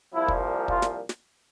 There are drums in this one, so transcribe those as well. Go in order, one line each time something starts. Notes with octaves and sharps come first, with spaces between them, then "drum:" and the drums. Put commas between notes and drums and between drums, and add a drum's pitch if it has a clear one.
C2 A#2 F3 E4
drum: kick
F4, drum: kick
drum: snare
drum: snare